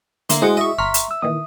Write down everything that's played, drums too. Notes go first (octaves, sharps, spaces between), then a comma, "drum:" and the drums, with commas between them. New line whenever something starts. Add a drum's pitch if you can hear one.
D3 A#3 E4 A#4 C6, drum: hi-hat
G#3 E4 F#4 G#4 C5 D#5 F#5
D#5 E5 C#6
G1 A#5 C6 C#6 F6 B6
drum: hi-hat
E6
A#2 D#3 E3 D#6